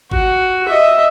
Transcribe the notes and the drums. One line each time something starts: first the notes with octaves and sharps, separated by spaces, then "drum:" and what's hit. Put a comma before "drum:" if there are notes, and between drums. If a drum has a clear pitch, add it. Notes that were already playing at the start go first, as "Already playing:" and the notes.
F#4, drum: kick G#1
D#5 E5